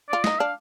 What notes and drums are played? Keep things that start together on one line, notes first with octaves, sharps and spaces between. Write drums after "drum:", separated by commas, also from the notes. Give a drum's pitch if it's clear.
F4 D5
D#4 D#5, drum: snare
D4 F5